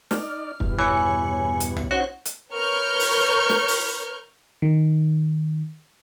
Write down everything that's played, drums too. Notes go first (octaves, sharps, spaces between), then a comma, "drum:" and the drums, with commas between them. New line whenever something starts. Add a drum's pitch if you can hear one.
D#4 D5 F6, drum: snare
E2 G2 B2, drum: kick
E3 C#5 G#5 B5 C#7
drum: hi-hat
drum: tom
C#4 D#4 F#4 C5 C#5 F#5
drum: hi-hat
A#4 B4 C#5 C#6 F6 G6
drum: open hi-hat
drum: snare
drum: open hi-hat
D#3